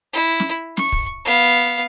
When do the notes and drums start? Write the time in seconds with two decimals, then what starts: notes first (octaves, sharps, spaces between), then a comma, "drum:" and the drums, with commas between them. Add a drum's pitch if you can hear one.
0.13 E4
0.40 drum: snare
0.77 C#6, drum: snare
0.92 drum: kick
1.25 B3 F5